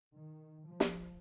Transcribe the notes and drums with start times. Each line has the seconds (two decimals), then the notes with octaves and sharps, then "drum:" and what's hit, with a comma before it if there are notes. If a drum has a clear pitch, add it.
0.13 D#3
0.66 F3
0.80 drum: snare